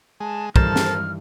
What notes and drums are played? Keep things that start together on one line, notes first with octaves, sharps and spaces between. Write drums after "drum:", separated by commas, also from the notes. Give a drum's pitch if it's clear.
G#3 A5
G2 D#3 E3 A4 A#4 C5 A5 F6, drum: kick
drum: snare